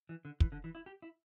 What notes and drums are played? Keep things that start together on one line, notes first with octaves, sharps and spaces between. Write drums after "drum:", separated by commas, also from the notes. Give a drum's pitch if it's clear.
E3
D3
E3, drum: kick
D3
E3
E4
G4
E4